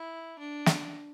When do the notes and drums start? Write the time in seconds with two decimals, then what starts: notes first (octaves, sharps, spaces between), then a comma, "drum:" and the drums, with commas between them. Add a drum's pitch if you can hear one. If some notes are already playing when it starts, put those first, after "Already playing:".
Already playing: E4
0.39 D4
0.66 drum: snare